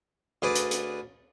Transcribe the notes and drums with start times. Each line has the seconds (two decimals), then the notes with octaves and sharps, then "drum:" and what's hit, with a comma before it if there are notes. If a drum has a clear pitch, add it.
0.42 D2 G#4 B4 D5
0.55 drum: hi-hat
0.71 drum: hi-hat